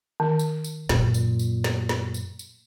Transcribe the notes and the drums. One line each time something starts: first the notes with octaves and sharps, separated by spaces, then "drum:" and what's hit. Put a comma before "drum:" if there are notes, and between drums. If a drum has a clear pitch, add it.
D#3
drum: tambourine
drum: tambourine
F#2 A#2, drum: snare
drum: tambourine
drum: tambourine
drum: snare
drum: snare
drum: tambourine
drum: tambourine